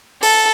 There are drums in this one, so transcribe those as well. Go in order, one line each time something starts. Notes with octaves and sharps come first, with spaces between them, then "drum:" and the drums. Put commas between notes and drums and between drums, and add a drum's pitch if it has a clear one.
A4, drum: open hi-hat